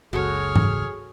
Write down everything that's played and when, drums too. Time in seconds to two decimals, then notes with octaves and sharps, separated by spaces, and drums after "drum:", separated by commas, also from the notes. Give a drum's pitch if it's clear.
0.13 F#1 C#2 F#4 G#4 A4 C#5 F6
0.56 drum: tom G#2